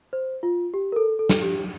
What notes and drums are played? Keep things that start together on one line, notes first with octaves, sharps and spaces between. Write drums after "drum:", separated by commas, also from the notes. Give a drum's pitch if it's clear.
C5
F4
G4
A#4
A4
A4
drum: snare
G4